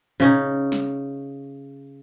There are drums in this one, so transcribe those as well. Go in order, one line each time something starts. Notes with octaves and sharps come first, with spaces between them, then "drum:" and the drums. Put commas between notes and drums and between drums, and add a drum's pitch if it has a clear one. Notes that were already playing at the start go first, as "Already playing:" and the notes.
C#3 C#4 D#4, drum: tom
drum: snare